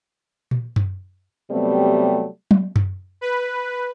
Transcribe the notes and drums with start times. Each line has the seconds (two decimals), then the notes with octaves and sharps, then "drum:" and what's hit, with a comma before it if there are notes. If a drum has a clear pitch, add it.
0.51 drum: tom A#2
0.76 drum: tom F#2
1.51 C3 F#3 G3 A3 B3 C4
2.51 drum: tom
2.76 drum: tom F#2
3.21 B4